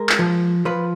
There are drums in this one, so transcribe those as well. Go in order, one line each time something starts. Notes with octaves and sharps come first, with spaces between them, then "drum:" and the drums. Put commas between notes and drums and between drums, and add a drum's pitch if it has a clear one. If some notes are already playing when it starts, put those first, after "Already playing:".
Already playing: G#3 A#4
drum: clap
F3
F3 B4